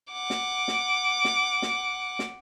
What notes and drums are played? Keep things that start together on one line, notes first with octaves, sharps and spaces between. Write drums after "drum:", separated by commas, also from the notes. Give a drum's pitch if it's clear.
F#5 D6
drum: snare
drum: snare
drum: snare
drum: snare
drum: snare